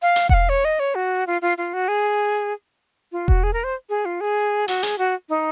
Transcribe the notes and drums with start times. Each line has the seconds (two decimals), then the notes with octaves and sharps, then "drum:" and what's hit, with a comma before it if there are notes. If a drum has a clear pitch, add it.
0.02 F5
0.16 drum: hi-hat
0.29 F#5, drum: kick E1
0.34 F5
0.49 C#5
0.65 D#5
0.80 C#5
0.95 F#4
1.27 F4
1.42 F4
1.58 F4
1.73 F#4
1.88 G#4
3.12 F4
3.28 F#4, drum: kick E1
3.43 G#4
3.53 A#4
3.64 C5
3.89 G#4
4.05 F4
4.21 G#4
4.68 F#4, drum: open hi-hat
4.83 G#4, drum: hi-hat
4.98 F#4
5.29 D#4